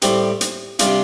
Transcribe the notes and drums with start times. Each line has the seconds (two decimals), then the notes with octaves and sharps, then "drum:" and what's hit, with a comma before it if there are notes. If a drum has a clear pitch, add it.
0.02 A2 G3 C4 G4, drum: hi-hat
0.41 drum: hi-hat
0.79 C3 G3 D4 F4, drum: hi-hat